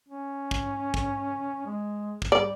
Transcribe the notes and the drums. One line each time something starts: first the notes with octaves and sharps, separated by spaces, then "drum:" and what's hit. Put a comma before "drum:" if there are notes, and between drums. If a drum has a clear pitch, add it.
C#4
drum: kick
drum: kick
G#3
drum: kick
G3 D5